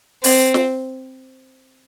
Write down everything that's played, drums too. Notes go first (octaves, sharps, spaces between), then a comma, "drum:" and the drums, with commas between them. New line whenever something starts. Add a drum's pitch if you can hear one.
C4, drum: open hi-hat
drum: snare